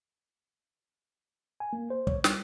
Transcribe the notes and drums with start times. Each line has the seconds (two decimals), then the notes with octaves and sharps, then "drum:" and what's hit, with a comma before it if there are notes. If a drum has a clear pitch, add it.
1.60 G#5
1.73 A#3
1.90 C5
2.07 C#5, drum: kick
2.24 G3, drum: snare